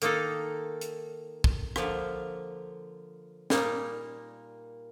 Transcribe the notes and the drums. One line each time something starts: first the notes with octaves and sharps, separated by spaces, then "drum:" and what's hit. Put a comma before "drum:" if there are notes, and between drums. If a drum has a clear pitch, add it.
D#3 A#3 D#4 A4, drum: hi-hat
drum: hi-hat
drum: kick
D3 F3 A#3, drum: rim click
A#2 G3 A#3 D#4, drum: snare